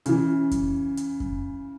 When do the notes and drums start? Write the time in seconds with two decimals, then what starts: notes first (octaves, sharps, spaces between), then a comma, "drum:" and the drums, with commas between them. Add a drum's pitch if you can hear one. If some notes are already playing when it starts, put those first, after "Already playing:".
0.06 C#3 E3, drum: hi-hat
0.51 drum: kick F2, hi-hat
0.97 drum: hi-hat
1.20 drum: kick F2